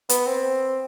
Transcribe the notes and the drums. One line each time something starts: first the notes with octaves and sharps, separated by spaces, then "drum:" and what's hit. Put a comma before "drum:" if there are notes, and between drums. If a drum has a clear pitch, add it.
B3, drum: hi-hat
C4